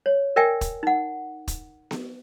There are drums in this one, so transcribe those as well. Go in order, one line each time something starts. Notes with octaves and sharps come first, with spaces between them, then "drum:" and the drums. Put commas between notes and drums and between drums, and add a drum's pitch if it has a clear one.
C#5
A#4 D5 E5 G5 G#5
drum: kick, hi-hat
D#4 F#5
drum: kick, hi-hat
drum: snare B3